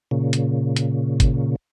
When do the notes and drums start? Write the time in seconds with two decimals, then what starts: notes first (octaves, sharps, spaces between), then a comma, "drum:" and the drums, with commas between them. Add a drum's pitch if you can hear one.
0.11 A#2 C#3
0.33 drum: hi-hat
0.76 drum: hi-hat
1.20 drum: kick G#1, hi-hat